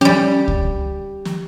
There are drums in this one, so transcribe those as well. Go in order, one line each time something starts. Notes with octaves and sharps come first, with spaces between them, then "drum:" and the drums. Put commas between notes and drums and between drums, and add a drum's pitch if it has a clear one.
G3 C#4 G4, drum: snare
drum: kick C#2
drum: snare